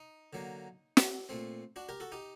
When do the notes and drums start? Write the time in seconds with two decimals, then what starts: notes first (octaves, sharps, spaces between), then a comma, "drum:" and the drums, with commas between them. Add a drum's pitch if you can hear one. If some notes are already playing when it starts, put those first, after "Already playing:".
Already playing: D#4
0.33 D3 F#3 A#3
0.97 drum: snare
1.29 A#2 A3 C4
1.76 D4 F#4
1.89 G4 A#4
2.00 F#4 A4
2.12 D#4 G4